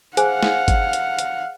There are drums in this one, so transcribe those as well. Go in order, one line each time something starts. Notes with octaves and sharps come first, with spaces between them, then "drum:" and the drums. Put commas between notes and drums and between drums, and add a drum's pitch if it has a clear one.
G#4 C5 F5 F#5 G#5, drum: hi-hat
drum: snare
drum: kick, hi-hat
drum: hi-hat
drum: hi-hat